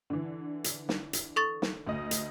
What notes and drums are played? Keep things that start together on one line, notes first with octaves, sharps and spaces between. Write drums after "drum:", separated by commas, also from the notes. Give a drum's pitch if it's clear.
D3 E3
drum: hi-hat
drum: snare
drum: hi-hat
A4 C#6 A6
drum: snare
D2 D#5
drum: hi-hat